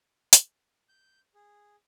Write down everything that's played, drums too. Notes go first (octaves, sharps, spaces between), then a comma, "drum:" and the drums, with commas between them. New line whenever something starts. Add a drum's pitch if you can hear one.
drum: hi-hat
G6
G#4